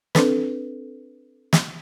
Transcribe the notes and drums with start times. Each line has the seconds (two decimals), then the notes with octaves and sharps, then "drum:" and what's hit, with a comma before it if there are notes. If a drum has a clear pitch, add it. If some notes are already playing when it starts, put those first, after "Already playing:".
0.15 C4 D4 A4 B4, drum: snare
1.53 drum: snare